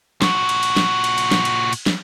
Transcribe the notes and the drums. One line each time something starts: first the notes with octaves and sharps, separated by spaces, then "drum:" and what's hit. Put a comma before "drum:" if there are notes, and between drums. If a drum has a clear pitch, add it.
A#2 F#4, drum: snare
drum: cymbal
drum: cymbal
drum: snare
drum: cymbal
drum: cymbal
drum: snare
drum: cymbal
drum: cymbal
drum: snare